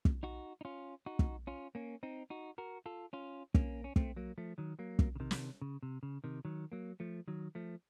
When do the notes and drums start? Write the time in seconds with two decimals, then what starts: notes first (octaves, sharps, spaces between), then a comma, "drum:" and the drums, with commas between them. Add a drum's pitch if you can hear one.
0.05 drum: kick
0.23 D#4 F#4
0.61 D#4
0.65 C#4 F4
1.06 D#4 F#4
1.19 drum: kick
1.47 C#4 F4
1.75 A#3 C#4
2.03 C4 D#4
2.30 D#4 F#4
2.58 F#4 A#4
2.86 F4 A4
3.13 C#4 F4
3.54 A#3 C#4, drum: kick
3.84 C#4
3.96 A3 C4, drum: kick
4.16 F#3 A#3
4.38 F3 A3
4.58 D#3 F#3
4.79 F#3 A#3
4.99 drum: kick
5.15 C#3
5.20 C3 D#3
5.31 drum: snare
5.62 C#3
5.83 C3
6.03 C#3
6.24 C3 D#3
6.45 D#3 F#3
6.72 F#3 A#3
7.00 F3 A3
7.28 D#3 F#3
7.55 F3 A3